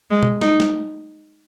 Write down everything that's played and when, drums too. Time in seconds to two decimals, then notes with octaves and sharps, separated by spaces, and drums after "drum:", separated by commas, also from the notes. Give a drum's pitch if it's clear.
0.10 G#3
0.23 drum: tom B2
0.41 D#4, drum: snare
0.60 drum: snare